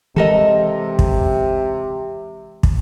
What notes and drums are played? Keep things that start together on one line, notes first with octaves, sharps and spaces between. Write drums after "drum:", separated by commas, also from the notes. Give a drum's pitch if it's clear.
C3 E3 G#3 A4 A#4 D#5
drum: kick
drum: kick